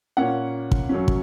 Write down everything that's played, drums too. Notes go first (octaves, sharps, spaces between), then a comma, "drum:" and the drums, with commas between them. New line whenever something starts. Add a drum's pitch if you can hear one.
A#2 A#3 C#4 F#5
drum: kick
F#2 F#3 C#4
drum: kick